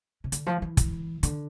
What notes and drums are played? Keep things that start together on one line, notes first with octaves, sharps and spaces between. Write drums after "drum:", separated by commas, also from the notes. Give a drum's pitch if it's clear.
C3
D3, drum: hi-hat
F3
E3
drum: kick, hi-hat
D3, drum: hi-hat